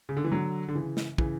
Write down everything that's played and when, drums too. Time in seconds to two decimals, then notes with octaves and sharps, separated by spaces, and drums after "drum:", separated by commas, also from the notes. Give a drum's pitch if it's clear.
0.09 C#3
0.17 D3
0.24 E3
0.32 D3 F#3
0.68 D3
0.75 C#3 E3
0.97 drum: snare
1.18 C#3 E3, drum: kick